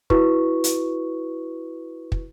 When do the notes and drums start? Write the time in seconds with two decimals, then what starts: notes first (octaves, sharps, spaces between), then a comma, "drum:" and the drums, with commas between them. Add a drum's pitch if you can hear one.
0.10 E4 F#4 B4 C#6, drum: kick
0.64 drum: hi-hat
2.12 drum: kick